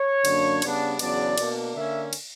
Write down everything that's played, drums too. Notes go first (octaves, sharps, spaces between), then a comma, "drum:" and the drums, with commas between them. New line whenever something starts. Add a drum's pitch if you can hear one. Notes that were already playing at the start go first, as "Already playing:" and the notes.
Already playing: C#5
F#2 D3 A#3 D4, drum: cymbal
C#3 G3 B3 D4, drum: cymbal
E2 C#3 F#3 B3 D4 D5, drum: cymbal
B2 A#3 D4, drum: cymbal
D3 A#3 C#4 E5
drum: cymbal